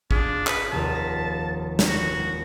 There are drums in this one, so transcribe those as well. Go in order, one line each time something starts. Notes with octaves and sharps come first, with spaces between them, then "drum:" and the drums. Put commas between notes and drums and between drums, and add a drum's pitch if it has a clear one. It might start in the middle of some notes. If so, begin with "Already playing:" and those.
D4 F4 G#4, drum: kick G#1
B4, drum: clap
F1 D#2 F4 A5
A#6 B6
drum: snare
F#4